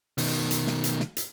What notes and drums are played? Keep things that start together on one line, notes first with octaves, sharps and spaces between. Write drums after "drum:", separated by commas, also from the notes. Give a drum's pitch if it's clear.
B2 D#3, drum: open hi-hat
drum: hi-hat
drum: snare
drum: hi-hat
drum: snare
drum: hi-hat